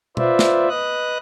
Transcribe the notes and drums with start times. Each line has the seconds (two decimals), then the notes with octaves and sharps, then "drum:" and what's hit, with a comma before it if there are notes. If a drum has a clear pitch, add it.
0.17 F4 B4 C5 D5 E5, drum: tom B2
0.39 drum: snare
0.69 B4 D#5 D#6 F#6